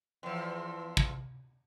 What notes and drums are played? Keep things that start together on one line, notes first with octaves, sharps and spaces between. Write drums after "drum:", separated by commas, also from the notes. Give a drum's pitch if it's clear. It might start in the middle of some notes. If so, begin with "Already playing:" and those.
E2 F3
drum: kick